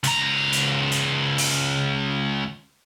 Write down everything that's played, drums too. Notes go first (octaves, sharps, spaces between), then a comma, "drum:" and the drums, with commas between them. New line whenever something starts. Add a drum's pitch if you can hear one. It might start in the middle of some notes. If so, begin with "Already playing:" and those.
C#2 A#5, drum: hi-hat
drum: hi-hat
drum: hi-hat
drum: open hi-hat